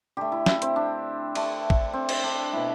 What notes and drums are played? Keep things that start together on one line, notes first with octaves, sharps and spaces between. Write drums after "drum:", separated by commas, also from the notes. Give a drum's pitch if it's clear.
D3 A3 G4
E4
E4, drum: snare
C4, drum: hi-hat
D4
D3 A3, drum: cymbal
drum: kick
C4
drum: cymbal
D4
B2 A3 E4